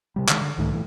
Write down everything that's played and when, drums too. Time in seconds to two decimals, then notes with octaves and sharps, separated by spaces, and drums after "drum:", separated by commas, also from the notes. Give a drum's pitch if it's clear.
0.16 C3 G3
0.29 D3 D#3 F#3 G#3, drum: clap
0.41 D3
0.58 C2 G#2 D#3 A3
0.72 A#2 E3 G#3 A3